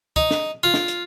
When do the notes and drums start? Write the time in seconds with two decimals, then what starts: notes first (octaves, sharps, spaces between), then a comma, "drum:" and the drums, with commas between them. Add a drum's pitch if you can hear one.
0.16 D#4, drum: kick
0.31 drum: snare
0.63 F4
0.74 drum: snare
0.88 drum: hi-hat